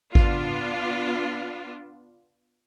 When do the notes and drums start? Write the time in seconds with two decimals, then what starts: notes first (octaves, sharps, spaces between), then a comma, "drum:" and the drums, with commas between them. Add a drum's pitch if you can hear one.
0.15 B3 D4 F4, drum: kick G#1